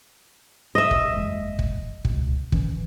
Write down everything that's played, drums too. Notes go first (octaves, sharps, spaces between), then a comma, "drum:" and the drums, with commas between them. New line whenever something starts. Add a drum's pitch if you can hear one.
D#5 E5
drum: kick
F#1 E2 G#3
drum: kick
C#2 B2, drum: kick
D#3 E3 C#4, drum: kick